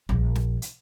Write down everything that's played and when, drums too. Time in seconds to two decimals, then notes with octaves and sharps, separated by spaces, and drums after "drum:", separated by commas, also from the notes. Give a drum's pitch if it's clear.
0.09 A#1 G3, drum: tom
0.35 drum: snare
0.62 drum: hi-hat